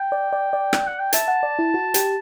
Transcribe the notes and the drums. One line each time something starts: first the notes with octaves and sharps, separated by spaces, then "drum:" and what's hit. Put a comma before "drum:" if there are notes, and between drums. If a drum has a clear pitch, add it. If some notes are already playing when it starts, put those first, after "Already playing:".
Already playing: G5
D5
D5
D5
drum: rim click
F#5
G5
E5 A5, drum: hi-hat
F#5
D5
E4
F#4
G4, drum: hi-hat